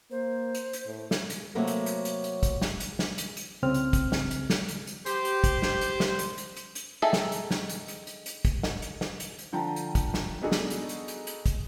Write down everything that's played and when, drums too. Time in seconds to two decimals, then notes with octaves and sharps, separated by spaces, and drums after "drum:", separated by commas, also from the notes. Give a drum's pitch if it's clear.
0.11 A#3 C5
0.55 drum: hi-hat
0.73 drum: hi-hat
0.86 A2
1.11 drum: snare
1.30 drum: hi-hat
1.55 C3 F#3 A3 A#3
1.67 drum: hi-hat
1.86 drum: hi-hat
2.05 drum: hi-hat
2.24 drum: hi-hat
2.43 drum: kick, hi-hat
2.62 drum: snare
2.80 drum: hi-hat
2.99 drum: snare
3.18 drum: hi-hat
3.37 drum: hi-hat
3.62 C2 C#3 C4 F6
3.74 drum: hi-hat
3.93 drum: kick, hi-hat
4.12 drum: snare
4.31 drum: hi-hat
4.50 drum: snare
4.68 drum: hi-hat
4.87 drum: hi-hat
5.06 G4 C5, drum: hi-hat
5.25 drum: hi-hat
5.44 drum: kick, hi-hat
5.62 drum: snare
5.81 drum: hi-hat
6.00 drum: snare
6.19 drum: hi-hat
6.38 drum: hi-hat
6.57 drum: hi-hat
6.75 drum: hi-hat
7.02 D#3 G#4 A4 E5
7.13 drum: snare
7.32 drum: hi-hat
7.51 drum: snare
7.69 drum: hi-hat
7.88 drum: hi-hat
8.07 drum: hi-hat
8.26 drum: hi-hat
8.45 drum: kick, hi-hat
8.63 drum: snare
8.82 drum: hi-hat
9.01 drum: snare
9.20 drum: hi-hat
9.39 drum: hi-hat
9.52 D3 F3 G5 A#5
9.76 drum: hi-hat
9.95 drum: kick, hi-hat
10.14 drum: snare
10.42 B3 D4 D#4 F#4 G#4 A4
10.52 drum: snare
10.70 drum: hi-hat
10.89 drum: hi-hat
11.08 drum: hi-hat
11.27 drum: hi-hat
11.46 drum: kick, hi-hat